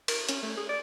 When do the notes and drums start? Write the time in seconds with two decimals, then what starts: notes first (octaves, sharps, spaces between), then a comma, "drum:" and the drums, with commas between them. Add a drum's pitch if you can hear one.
0.08 A#4, drum: cymbal
0.29 C#4, drum: hi-hat
0.42 A3
0.57 G#4
0.69 D5